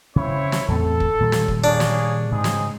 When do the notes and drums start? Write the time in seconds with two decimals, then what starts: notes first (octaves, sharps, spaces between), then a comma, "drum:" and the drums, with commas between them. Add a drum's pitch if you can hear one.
0.16 C#3 C4 E4 C#5
0.52 drum: snare
0.68 E2 A2 C4 A4
1.00 drum: kick
1.20 A#2 D#3 G3
1.32 drum: snare
1.48 drum: kick
1.64 A#3 D4 G#4 C#5
1.80 drum: snare
2.31 G#2 C#3 C4 D#4 G#4
2.44 drum: snare